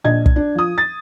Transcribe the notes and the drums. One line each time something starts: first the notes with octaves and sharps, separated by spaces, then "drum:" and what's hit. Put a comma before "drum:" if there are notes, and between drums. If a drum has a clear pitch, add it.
A#1 D4 D#5 G#6
drum: kick
D4
F3 D#6
A6